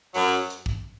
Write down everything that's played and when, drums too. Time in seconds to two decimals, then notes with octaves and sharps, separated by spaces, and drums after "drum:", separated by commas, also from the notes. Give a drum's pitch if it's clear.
0.14 F#2 F#3, drum: open hi-hat
0.50 drum: hi-hat
0.66 drum: kick